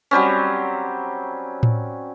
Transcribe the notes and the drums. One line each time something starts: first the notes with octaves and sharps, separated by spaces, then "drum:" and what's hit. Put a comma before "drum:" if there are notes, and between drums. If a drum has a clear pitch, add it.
F#3 G3 C4 C#4
drum: tom A2